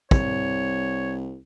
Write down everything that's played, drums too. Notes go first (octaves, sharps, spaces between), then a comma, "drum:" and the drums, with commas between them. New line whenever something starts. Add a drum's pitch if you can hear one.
C2 C#5, drum: kick